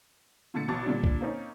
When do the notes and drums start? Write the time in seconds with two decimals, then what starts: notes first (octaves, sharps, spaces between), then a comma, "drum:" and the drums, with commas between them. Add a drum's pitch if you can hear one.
0.54 A#2 D3 A3 A6 C#7
0.68 A1 B2 A5 D6 A6
0.86 A#2 D3 G3 D4
1.04 drum: kick
1.21 A#3 C4 C#4 D#4